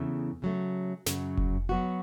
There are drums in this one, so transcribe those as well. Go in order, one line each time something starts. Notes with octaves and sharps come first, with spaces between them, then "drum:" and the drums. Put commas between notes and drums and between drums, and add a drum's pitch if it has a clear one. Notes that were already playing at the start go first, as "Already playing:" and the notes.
Already playing: E2 C#3 A3
C#3 F#3 A3
F#2 C#3 F#3, drum: snare
drum: kick F1
F#3 B3 F#4